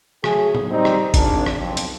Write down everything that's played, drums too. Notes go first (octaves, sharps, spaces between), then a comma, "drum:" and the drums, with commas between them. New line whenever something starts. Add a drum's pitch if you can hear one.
F#3 A3 G#4, drum: rim click
drum: tom
G3 C4 D#4
drum: rim click
G#1 D4, drum: kick G#1, hi-hat
drum: rim click
B1 F2
drum: hi-hat